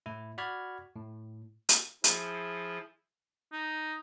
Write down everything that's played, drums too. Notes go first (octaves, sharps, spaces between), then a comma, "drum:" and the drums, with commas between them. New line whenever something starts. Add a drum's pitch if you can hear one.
A2 E4
F#4 D5 B5 F6 G#6
A2
drum: hi-hat
F3 E4 G#4, drum: hi-hat
D#4